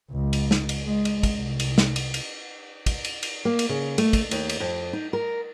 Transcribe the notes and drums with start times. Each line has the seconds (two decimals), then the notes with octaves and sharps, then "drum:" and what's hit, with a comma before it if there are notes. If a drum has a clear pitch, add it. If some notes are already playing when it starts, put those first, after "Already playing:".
0.11 C#2
0.33 drum: cymbal
0.51 drum: snare
0.69 drum: cymbal
0.84 G#3
1.05 drum: cymbal
1.23 drum: kick, cymbal
1.37 C2
1.60 drum: cymbal
1.78 drum: snare
1.96 drum: cymbal
2.14 drum: cymbal
2.86 drum: kick, cymbal
3.05 drum: cymbal
3.23 drum: cymbal
3.45 A#3
3.59 drum: cymbal
3.69 C#3
3.98 A3, drum: cymbal
4.13 drum: kick, cymbal
4.31 D#2, drum: cymbal
4.49 drum: cymbal
4.60 F2
4.93 D#4
5.13 A#4